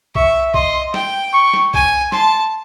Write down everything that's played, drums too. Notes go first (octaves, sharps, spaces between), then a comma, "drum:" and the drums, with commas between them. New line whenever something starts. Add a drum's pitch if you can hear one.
E5 C#6, drum: kick B1
D#5 C6, drum: kick B1
G5, drum: snare
C#6
drum: snare
G#5, drum: kick B1
A5 C6, drum: snare